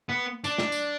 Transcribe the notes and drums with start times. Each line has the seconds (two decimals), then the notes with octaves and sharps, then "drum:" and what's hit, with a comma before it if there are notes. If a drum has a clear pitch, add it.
0.09 B3
0.44 D4, drum: tambourine
0.58 drum: snare
0.72 drum: tambourine